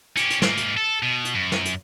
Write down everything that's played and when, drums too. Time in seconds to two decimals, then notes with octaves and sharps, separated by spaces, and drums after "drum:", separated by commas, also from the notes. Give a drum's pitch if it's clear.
0.17 C#4 G4, drum: hi-hat
0.30 drum: hi-hat
0.42 G#2 A#3, drum: snare
0.57 drum: hi-hat
0.77 A4
1.03 B2
1.25 drum: hi-hat
1.35 F#2
1.52 drum: snare
1.65 drum: hi-hat